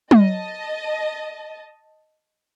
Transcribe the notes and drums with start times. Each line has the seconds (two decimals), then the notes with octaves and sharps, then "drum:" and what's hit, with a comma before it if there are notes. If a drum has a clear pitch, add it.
0.11 D#5 A5, drum: tom